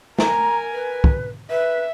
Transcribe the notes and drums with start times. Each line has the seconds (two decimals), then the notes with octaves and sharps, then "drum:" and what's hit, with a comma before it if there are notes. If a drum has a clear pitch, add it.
0.19 A#4 G#5 A#5, drum: snare
0.73 B4
1.04 drum: kick
1.50 B4 E5